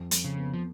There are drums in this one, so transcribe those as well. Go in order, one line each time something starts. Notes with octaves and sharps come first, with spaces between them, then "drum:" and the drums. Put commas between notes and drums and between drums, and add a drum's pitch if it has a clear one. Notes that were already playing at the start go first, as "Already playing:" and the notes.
Already playing: F2
F2, drum: hi-hat
C#3
B3
F3